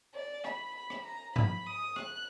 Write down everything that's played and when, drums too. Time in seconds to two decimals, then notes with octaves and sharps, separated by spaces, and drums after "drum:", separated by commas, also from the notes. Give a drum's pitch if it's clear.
0.14 D5
0.45 B5, drum: rim click
0.75 B5
0.90 drum: rim click
1.05 A#5
1.36 B5, drum: tom G2
1.66 D#6
1.96 F#6, drum: rim click